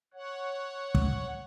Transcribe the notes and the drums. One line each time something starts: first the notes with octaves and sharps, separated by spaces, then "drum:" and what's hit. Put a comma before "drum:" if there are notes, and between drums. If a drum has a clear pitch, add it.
C#5 F#5
drum: kick